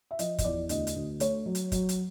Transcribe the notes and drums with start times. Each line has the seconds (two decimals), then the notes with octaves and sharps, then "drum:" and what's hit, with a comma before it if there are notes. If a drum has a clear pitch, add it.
0.11 E5
0.19 F3 D#5, drum: hi-hat
0.38 D#5, drum: kick, hi-hat
0.44 E2 D5
0.69 D2 D#5, drum: hi-hat
0.87 drum: hi-hat
0.96 D2
1.20 A3 C#5, drum: hi-hat
1.46 F#3
1.55 drum: hi-hat
1.72 F#3, drum: kick, hi-hat
1.89 drum: hi-hat